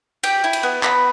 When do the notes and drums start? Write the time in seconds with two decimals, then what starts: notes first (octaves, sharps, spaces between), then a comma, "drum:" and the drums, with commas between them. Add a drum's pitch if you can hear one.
0.23 G4 G5, drum: cymbal
0.44 E4
0.53 drum: cymbal
0.63 B3
0.83 B3 B5, drum: clap